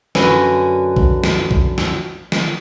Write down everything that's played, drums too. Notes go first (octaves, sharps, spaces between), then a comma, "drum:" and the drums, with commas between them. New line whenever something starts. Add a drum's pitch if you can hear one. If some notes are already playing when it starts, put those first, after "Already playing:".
F#2 D3 C#4 F#4 B4 G#5, drum: snare
drum: kick
drum: snare
drum: kick
drum: snare
drum: snare